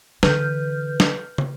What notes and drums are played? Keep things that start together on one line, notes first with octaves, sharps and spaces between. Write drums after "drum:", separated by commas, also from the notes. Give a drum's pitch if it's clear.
D3 E3 B4 F6 G6, drum: snare
drum: snare
drum: tom